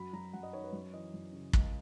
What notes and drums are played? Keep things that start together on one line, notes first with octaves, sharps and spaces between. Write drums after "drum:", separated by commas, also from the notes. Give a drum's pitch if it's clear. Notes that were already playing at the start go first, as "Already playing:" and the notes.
Already playing: F#2 F#3 B5
F#3 A#5
F#2 F#5
D#5
D#3 C#5
B4
F#2 C#5
E3 D#5
F#2
C#3
C#2, drum: kick